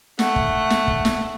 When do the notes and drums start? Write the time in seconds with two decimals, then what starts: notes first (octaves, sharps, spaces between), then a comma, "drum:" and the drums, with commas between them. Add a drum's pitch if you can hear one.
0.19 A3 F#5, drum: snare
0.36 drum: kick
0.70 drum: snare
0.88 drum: kick
1.05 drum: snare